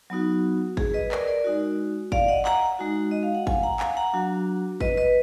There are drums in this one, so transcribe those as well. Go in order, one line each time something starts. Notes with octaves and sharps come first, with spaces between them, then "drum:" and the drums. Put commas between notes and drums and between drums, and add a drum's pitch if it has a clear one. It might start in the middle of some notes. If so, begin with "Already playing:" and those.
F#3 B3 D#4 F#4
G#4, drum: kick G#1
B4 D#5
A#4 D5, drum: clap
A#4 D5
G#3 D#4 F#4
D5 F5, drum: kick G#1
D#5 F#5
F#5 A#5, drum: clap
G#3 D#4 F#4
D#5
F5
F#5
F5 G#5, drum: kick G#1
F#5 A#5
F5 G#5, drum: clap
F#5 A#5
F#3 D4 F#4
B4 D#5, drum: kick G#1
B4 D#5